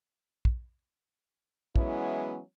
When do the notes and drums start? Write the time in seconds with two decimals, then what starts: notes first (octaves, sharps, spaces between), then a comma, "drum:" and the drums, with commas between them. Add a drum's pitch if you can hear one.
0.45 drum: kick
1.76 E3 F#3 G#3 B3 C#4 E4, drum: kick